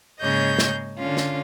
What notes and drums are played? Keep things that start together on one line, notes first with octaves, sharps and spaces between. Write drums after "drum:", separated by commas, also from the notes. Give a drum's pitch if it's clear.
G#2 C#3 A#3 C#5 D#5 G6
drum: snare
D3 C#4 F4
drum: snare